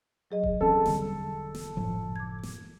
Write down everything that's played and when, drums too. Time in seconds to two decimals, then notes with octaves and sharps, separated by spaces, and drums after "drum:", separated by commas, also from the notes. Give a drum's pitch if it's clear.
0.31 F#3 G#4 D#5
0.44 drum: kick D#1
0.61 E3 C4 C#4 A4
0.86 E1 D3 G3, drum: snare
1.55 drum: snare
1.77 F#1 A2 F3
2.16 D6 G#6
2.43 drum: snare